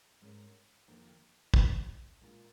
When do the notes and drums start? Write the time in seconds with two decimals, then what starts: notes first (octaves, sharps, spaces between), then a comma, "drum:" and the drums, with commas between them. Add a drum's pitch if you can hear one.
0.21 G#2 G#3 C#4 A#4
0.88 F2 D#3 A#3 F4 A#4
1.54 F3 G#3 C#4, drum: kick
2.21 A#2 G#3 F4 A#4